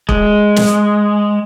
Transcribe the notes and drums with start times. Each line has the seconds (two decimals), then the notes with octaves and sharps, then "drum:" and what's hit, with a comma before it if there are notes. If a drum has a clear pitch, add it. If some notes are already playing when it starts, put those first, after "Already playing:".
0.09 G#3, drum: kick
0.57 drum: snare